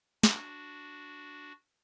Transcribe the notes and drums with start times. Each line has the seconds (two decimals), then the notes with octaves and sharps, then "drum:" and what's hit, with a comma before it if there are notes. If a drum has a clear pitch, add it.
0.23 D4 F#4, drum: snare